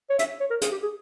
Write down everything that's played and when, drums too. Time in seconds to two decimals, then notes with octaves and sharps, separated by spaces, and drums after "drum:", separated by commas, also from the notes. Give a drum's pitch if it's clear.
0.10 C#5
0.19 E5, drum: hi-hat
0.40 C#5
0.50 A#4
0.61 G#4, drum: hi-hat
0.71 G4
0.82 G#4